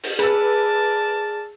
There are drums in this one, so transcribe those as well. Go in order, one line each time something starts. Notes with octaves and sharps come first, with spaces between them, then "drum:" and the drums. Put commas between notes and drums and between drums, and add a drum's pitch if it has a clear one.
drum: open hi-hat
G#4 A#4 B4 D5 A5 E6, drum: hi-hat